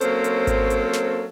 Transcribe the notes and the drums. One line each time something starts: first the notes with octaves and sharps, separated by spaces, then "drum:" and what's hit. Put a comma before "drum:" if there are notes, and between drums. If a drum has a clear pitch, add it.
F#3 A#3 C4 C#4 A4 C5, drum: hi-hat
drum: hi-hat
drum: kick G#1, hi-hat
drum: hi-hat
drum: snare